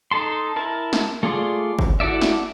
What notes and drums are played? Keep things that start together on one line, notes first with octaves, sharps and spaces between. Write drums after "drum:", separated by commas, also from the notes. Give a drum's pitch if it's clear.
D#4 A4 A5 C6
E4 A#4 A5
drum: snare
A3 F4 G#4 D5 C6
drum: kick
E4 F#4 A4 D5 E5
drum: snare